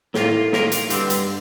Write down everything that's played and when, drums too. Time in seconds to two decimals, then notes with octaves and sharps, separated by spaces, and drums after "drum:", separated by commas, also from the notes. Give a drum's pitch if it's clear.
0.14 A2 D#3 A#3 F4, drum: snare
0.53 D#3 A#3 F4 A#4, drum: snare
0.72 drum: hi-hat
0.90 G2 D3 G3 C4, drum: hi-hat
1.10 drum: hi-hat